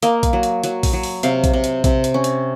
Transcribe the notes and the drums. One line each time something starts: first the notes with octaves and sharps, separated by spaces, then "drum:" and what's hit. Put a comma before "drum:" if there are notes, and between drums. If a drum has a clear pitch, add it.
A#3 D#5, drum: hi-hat
drum: kick A#1, hi-hat
F#3
drum: hi-hat
F#3, drum: hi-hat
drum: kick A#1, open hi-hat
F#3
drum: open hi-hat
C3 F5, drum: hi-hat
drum: kick A#1, hi-hat
C3
drum: hi-hat
C3, drum: kick A#1, hi-hat
drum: hi-hat
C#4
drum: hi-hat